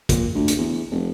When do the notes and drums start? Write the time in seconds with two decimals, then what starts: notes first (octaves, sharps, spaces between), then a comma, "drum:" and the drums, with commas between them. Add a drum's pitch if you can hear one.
0.09 A#2, drum: kick, hi-hat
0.35 D2
0.48 drum: hi-hat
0.58 E2
0.91 F1